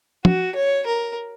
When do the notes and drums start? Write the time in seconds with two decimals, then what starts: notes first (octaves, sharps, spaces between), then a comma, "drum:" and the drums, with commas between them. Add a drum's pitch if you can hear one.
0.25 F#4, drum: tom
0.55 C#5
0.86 A#4